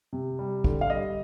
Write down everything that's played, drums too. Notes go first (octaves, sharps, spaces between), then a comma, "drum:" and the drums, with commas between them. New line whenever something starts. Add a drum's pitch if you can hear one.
C3
G3
D3, drum: kick
F5
G3 D#5